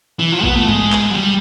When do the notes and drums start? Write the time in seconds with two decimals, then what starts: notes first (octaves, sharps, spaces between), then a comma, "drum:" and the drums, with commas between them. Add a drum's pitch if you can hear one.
0.19 E3
0.32 F3
0.44 B3, drum: kick A#1
0.55 A3
0.68 G#3, drum: tom
0.92 drum: clap
1.11 F#3
1.16 G3